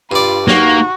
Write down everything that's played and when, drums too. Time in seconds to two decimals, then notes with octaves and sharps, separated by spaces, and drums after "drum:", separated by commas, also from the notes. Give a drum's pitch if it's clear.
0.12 G2 F4 D5 B5
0.48 D#3 A#3 D#4 F#4, drum: snare